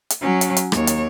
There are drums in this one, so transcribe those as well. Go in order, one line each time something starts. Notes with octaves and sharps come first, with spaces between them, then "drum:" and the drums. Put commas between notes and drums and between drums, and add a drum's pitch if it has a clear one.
drum: hi-hat
F#3 C#4
drum: hi-hat
drum: hi-hat
D#2 C#5, drum: rim click
drum: hi-hat